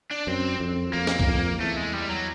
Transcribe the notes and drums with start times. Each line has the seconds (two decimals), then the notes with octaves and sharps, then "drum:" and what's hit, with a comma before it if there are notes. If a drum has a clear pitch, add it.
0.11 D4
0.27 F#2 C4
0.60 F2
0.93 F2 A#3
1.07 drum: snare
1.19 E2, drum: kick C#2
1.27 F2
1.59 E2 A3
1.76 G#3
1.93 G3
2.10 F#3